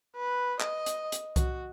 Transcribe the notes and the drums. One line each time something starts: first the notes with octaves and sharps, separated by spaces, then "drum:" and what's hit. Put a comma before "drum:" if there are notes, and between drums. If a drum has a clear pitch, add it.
B4
D#5, drum: clap
drum: hi-hat
drum: hi-hat
F#4, drum: kick C2, hi-hat